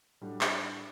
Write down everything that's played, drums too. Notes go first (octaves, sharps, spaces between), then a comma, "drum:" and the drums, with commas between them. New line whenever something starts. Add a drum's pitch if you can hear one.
A2 G3 D4 F#4
drum: clap